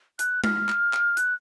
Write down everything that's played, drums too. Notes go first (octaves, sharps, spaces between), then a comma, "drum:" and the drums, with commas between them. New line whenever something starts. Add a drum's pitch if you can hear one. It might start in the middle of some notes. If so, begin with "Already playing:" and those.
F#6, drum: hi-hat
F6, drum: tom
drum: clap
drum: clap
F#6, drum: hi-hat